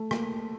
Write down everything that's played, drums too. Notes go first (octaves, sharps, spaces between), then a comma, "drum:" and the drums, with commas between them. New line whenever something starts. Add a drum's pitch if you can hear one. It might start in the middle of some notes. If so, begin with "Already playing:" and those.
Already playing: A3
A#3, drum: rim click